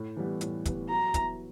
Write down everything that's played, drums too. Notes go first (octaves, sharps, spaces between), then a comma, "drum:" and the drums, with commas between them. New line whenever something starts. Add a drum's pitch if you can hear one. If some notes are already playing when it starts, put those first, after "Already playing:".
Already playing: A2
E3 G3 B3
A2, drum: hi-hat
E3 G3 B3, drum: kick, hi-hat
F#3 A#5
B3 E4, drum: kick, hi-hat